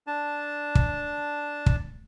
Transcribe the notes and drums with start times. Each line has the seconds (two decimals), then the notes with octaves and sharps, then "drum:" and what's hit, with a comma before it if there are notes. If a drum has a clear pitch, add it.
0.07 D4 A5
0.75 drum: kick
1.66 drum: kick